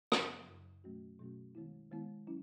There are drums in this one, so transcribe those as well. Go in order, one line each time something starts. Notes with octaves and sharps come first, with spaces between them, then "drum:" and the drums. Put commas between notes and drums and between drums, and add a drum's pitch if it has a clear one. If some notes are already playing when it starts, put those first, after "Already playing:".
F#2 C#3 F#3, drum: rim click
F#2 C#3 F#3
B2 F#3 A3 C#4 F#4
B2 F#3 A3 C#4 F#4
D#3 G#3 B3 E4
D#3 G#3 B3 E4
F#3 C#4 E4